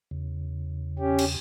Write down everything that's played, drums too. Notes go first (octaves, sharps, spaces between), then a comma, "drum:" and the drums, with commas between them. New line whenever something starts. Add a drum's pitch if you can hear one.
E2 C#3
C#4 G4
drum: cymbal